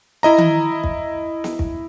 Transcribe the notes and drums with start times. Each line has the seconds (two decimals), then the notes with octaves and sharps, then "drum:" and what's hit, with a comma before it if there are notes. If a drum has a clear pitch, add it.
0.23 E4 D#5 A#5
0.38 drum: tom D#3
0.84 drum: kick
1.44 drum: snare
1.59 drum: kick